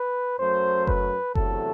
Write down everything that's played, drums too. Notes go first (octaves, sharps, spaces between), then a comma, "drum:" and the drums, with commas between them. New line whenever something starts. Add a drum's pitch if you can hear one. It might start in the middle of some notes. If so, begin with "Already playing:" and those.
Already playing: B4
F#2 F#3 A3 C5
B4, drum: kick F#1
E2 C3 F#3 A3 A4, drum: kick F#1